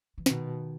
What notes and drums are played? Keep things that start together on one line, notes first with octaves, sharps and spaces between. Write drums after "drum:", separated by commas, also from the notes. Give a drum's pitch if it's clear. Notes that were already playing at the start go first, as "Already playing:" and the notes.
E3
B2 D#3, drum: snare